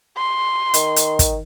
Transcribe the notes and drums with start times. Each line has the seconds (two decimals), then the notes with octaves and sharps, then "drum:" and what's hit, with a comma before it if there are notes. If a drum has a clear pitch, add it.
0.18 C6
0.74 D#3, drum: hi-hat
0.96 drum: hi-hat
1.19 drum: kick, hi-hat